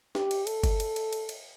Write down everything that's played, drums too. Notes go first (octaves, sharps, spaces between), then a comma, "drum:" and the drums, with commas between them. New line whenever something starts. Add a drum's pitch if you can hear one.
G4, drum: snare
drum: cymbal
A4, drum: cymbal
drum: kick G1, cymbal
drum: cymbal
drum: cymbal
drum: cymbal
drum: cymbal